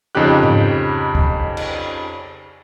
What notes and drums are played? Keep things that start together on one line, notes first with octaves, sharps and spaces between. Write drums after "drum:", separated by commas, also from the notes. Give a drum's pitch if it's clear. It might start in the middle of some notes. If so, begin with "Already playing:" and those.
F2 C#3 D#4 G4 F#6
drum: tom G#2
drum: kick
drum: cymbal